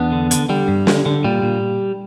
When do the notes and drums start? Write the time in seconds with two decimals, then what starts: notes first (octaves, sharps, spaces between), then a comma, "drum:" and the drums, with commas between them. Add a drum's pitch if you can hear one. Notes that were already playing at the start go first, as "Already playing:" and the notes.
Already playing: E2 B3 D4
0.12 D3
0.31 D3, drum: hi-hat
0.49 D3 G3
0.68 G2
0.87 D3, drum: snare
1.06 D3
1.24 A#2 G3
1.43 A#2